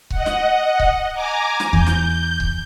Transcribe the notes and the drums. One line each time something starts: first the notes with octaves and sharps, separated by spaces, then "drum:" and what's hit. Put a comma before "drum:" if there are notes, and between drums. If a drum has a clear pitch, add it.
D#5 F#5, drum: kick C#1
drum: snare
drum: kick C#1
G#5 A#5 D6
drum: snare
E2 G6, drum: kick C#1
drum: snare
drum: kick C#1